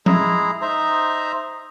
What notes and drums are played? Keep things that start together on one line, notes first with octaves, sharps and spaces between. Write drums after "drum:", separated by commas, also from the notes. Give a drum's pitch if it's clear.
G#3 E4 G#4 A#5, drum: tom F3
D#4 C5 E5 A#5